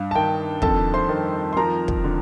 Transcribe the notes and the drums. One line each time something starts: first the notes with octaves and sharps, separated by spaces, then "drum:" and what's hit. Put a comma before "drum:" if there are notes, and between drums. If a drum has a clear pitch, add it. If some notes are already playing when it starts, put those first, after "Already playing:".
Already playing: G2 F5
A5
D#3 G5
F2 A4 A5, drum: kick
C5 C6
D#3
C6
F3 A#4 A#5
drum: kick
D3